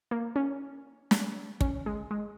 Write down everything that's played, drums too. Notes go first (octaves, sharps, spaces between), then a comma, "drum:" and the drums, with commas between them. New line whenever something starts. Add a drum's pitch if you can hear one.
A#3
C#4
drum: snare
C#4, drum: kick
G#3
G#3